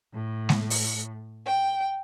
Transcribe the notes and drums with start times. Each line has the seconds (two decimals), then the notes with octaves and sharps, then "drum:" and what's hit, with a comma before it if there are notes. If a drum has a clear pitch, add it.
0.14 A2
0.49 drum: snare G#3
0.70 drum: open hi-hat
1.46 G5